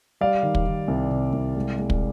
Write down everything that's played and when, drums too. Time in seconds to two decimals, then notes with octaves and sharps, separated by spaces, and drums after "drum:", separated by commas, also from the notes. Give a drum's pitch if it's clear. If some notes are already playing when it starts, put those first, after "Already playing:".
0.21 G3 D5 F5
0.43 D#3
0.55 drum: kick
0.66 D#3
0.88 C2
1.10 C3
1.33 C2
1.56 G#3
1.79 G#3
1.90 drum: kick